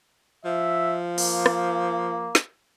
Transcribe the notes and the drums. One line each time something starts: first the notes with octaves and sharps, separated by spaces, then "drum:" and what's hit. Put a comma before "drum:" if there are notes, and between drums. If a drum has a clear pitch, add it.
F3 E5
A#3, drum: open hi-hat
drum: rim click
drum: snare